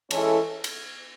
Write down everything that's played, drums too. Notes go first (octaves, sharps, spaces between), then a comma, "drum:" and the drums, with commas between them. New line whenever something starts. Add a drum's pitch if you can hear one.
E3 G#3 C#4 E4 A4, drum: cymbal
drum: cymbal